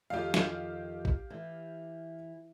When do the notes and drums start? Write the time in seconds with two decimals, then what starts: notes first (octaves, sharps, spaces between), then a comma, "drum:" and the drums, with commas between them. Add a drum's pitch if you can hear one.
0.10 F2 D#3 G4 F5
0.34 drum: snare
1.05 drum: kick A1
1.30 E3